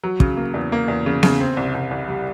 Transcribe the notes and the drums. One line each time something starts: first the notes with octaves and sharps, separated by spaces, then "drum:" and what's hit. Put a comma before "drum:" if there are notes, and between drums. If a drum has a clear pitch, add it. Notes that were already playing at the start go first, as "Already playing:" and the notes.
F#3
C#3, drum: kick
A#3
E2
A#3
E2
C#3
C#3, drum: snare B3
C4
C2
C2
C2
G3